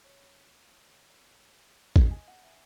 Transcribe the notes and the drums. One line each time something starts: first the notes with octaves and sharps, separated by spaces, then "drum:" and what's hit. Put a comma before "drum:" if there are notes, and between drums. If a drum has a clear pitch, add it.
C#5
D#5, drum: kick
G#5
F#5
E5